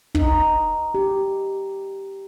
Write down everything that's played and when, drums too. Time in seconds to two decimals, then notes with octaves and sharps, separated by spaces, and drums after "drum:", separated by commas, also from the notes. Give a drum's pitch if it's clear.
0.15 D#4, drum: kick
0.95 G4